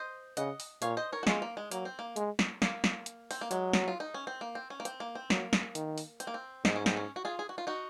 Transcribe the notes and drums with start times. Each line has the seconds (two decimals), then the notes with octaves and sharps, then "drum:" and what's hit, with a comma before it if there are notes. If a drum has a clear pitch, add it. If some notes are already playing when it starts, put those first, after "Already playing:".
Already playing: C5 D#5
0.37 C#3 D#5 F#5, drum: hi-hat
0.60 drum: open hi-hat
0.82 A#2 C#5 F5, drum: hi-hat
0.97 C5 D#5
1.12 A#4 C#5
1.23 F#4
1.27 G#3 C#4 F4, drum: snare
1.42 A#3
1.57 G#3
1.71 F#3 A#3, drum: hi-hat
1.85 C4
1.99 A#3
2.16 G#3, drum: hi-hat
2.39 drum: snare
2.62 A#3, drum: snare
2.84 drum: snare
3.06 drum: hi-hat
3.31 C4, drum: open hi-hat
3.41 A#3
3.51 F#3 G#3, drum: hi-hat
3.73 drum: snare
3.88 F4
4.00 D#4
4.14 C#4
4.27 C4
4.41 A#3
4.55 C4
4.70 C#4
4.80 A#3
4.85 C4, drum: hi-hat
5.00 A#3
5.15 C4
5.30 F#3 A#3, drum: snare
5.53 drum: snare
5.75 D#3, drum: hi-hat
5.98 drum: open hi-hat
6.20 C4, drum: hi-hat
6.27 A#3
6.34 C4
6.65 G#2 D#4, drum: snare
6.76 C#4
6.86 C4, drum: snare
6.97 C#4
7.16 F#4
7.25 F4 G#4
7.39 G#4
7.49 F#4
7.58 F4
7.67 D#4 F#4